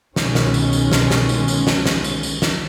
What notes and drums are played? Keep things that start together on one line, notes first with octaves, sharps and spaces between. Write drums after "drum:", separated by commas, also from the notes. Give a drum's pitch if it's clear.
C2 B2 D#3 G#3 C#4, drum: snare
drum: snare
drum: tambourine
drum: tambourine
drum: snare
drum: snare
drum: tambourine
drum: tambourine
drum: snare
drum: snare
drum: tambourine
drum: tambourine
drum: snare